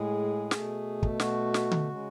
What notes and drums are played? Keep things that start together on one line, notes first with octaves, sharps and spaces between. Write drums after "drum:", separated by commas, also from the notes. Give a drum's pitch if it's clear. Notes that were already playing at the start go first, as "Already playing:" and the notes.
Already playing: A2 G#3 G#4
B2 A3, drum: snare
drum: kick
F#4, drum: snare
drum: snare
drum: tom D3
C#3 G#3